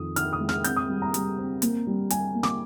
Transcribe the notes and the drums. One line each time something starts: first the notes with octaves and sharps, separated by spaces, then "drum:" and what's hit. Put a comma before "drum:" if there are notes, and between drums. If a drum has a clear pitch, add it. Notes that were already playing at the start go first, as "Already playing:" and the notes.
Already playing: F2 D#3 D#6
D#3 F6, drum: hi-hat
D#6
G#3
F6, drum: snare
C4 G6, drum: hi-hat
D#6
G3
A#5
G3, drum: hi-hat
C4
A#3, drum: hi-hat
G3
G3 G#5, drum: hi-hat
A#3
D6, drum: snare